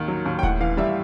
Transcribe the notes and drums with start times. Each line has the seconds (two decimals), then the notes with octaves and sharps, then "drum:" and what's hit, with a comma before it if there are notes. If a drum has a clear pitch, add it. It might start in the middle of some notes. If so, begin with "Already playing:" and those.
Already playing: D#2 D#3
0.08 F#3
0.26 D#2
0.39 G5
0.43 A2 F#5, drum: kick D#1
0.60 E3 F5
0.77 G3 E5